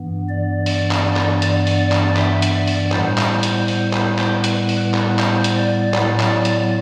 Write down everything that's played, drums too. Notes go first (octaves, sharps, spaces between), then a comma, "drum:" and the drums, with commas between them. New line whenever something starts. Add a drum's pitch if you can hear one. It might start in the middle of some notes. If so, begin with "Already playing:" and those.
Already playing: G2 E3 B3
D5
D5, drum: open hi-hat
drum: clap
D5
drum: clap
D5, drum: hi-hat
drum: open hi-hat
D5
drum: clap
E5, drum: clap
drum: hi-hat
D5
drum: open hi-hat
A2 G3 B3 C5, drum: clap
drum: clap
drum: hi-hat
drum: open hi-hat
drum: clap
drum: clap
B4, drum: hi-hat
drum: open hi-hat
B4
drum: clap
C5, drum: clap
drum: hi-hat
D5
A2 F#3 B3 D5, drum: clap
drum: clap
D5
drum: hi-hat